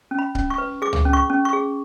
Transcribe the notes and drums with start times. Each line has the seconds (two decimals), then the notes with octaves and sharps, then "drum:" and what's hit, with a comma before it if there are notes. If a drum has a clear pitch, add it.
0.11 C#4
0.19 B5
0.35 C#4, drum: kick C#1
0.50 C#6
0.58 B4
0.82 G#4 D6
0.93 drum: tom C#2
1.05 C#4
1.13 C#6
1.30 C#4
1.45 C#6
1.53 G#4